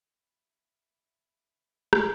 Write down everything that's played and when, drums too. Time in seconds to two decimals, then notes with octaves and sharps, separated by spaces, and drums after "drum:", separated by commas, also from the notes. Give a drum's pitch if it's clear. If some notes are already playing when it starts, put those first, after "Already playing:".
0.10 E5 B5
1.93 drum: rim click